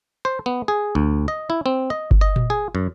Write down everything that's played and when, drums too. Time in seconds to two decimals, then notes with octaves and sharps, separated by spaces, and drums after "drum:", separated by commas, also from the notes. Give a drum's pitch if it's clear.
0.25 C5
0.46 B3
0.68 G#4
0.95 D2
1.28 D#5
1.50 E4
1.66 C4
1.90 D#5
2.11 drum: kick G1
2.21 D#5
2.36 drum: tom A#2
2.50 G#4
2.75 F#2